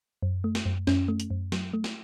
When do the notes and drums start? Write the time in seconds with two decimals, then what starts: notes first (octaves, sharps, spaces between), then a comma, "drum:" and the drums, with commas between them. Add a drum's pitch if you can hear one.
0.22 F#2
0.44 A3
0.55 drum: snare
0.66 F#2
0.87 F#2 C#4, drum: snare
1.08 A3
1.20 drum: hi-hat
1.30 F#2
1.52 F#3, drum: snare
1.73 A3
1.84 drum: snare